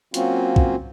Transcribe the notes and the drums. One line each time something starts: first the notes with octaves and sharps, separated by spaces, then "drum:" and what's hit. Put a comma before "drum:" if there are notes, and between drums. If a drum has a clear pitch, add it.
F#3 A#3 C4 C#4 F4 F#4, drum: hi-hat
drum: kick